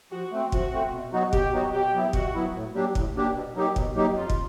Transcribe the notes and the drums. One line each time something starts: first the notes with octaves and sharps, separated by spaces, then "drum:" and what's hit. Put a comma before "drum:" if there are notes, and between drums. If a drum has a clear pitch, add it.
F3 F#4
A3 C4
F3 F#4, drum: kick
A3 C4
B2
F#3 B3 D#4 F#4
B2 G4, drum: kick
F#3 B3 D#4 F#4
B2 G4
F#3 B3 E4
B2 F#4, drum: kick
F#3 B3 E4
A2
F#3 A#3 D4 G4
A2, drum: kick
F#3 A#3 D4 G4
B2
F#3 A#3 D#4 G4
B2, drum: kick
F#3 A#3 D#4 G4
F2 F4
drum: kick